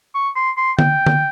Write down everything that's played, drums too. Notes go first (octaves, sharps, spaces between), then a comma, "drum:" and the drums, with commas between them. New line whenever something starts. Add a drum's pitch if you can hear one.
C#6
C6
C6
G5, drum: tom D3
drum: tom D3